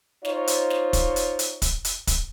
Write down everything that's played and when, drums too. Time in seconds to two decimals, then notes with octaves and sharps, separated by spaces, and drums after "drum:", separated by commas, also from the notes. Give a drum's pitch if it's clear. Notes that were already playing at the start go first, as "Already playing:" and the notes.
0.25 D#4 F4 C5 C#5, drum: snare
0.47 drum: hi-hat
0.70 drum: snare
0.93 drum: kick, hi-hat
1.16 drum: hi-hat
1.39 drum: hi-hat
1.62 drum: kick, hi-hat
1.85 drum: hi-hat
2.07 drum: kick, hi-hat